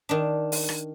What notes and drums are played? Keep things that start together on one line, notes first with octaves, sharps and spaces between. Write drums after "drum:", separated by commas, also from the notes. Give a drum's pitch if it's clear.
D#3 D4
drum: open hi-hat
drum: rim click